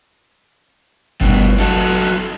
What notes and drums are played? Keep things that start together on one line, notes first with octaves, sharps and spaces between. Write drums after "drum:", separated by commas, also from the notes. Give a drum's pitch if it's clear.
G2 B2, drum: kick G1
F#3 A4, drum: snare
drum: open hi-hat